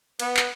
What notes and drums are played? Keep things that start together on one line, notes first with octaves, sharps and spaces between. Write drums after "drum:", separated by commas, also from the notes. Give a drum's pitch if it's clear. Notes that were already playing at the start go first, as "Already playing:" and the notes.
B3, drum: cymbal
drum: clap